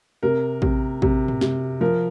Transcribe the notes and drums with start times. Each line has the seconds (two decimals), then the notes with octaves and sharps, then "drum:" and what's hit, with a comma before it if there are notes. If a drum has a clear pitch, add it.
0.23 C3 A#4
0.62 C3, drum: kick A1
1.02 C3, drum: kick A1
1.28 drum: tom G#2
1.41 C3, drum: snare
1.81 F3 A#4